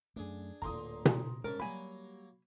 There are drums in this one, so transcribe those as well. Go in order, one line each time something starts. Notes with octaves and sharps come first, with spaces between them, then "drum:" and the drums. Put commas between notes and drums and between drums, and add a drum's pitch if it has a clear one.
F#2 A3 D4 G#4
D1 G#1 A#2 D3 A#5 C6 D#6
drum: tom B2
G#2 C#3 G#3 A#4 A5
F#3 G3 A#3 G#5 B5